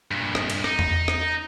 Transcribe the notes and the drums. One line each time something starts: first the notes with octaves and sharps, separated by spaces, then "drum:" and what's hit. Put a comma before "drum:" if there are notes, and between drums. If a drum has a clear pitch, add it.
G2 A#2
drum: rim click
drum: cymbal
D#4, drum: rim click
drum: tom E2
drum: rim click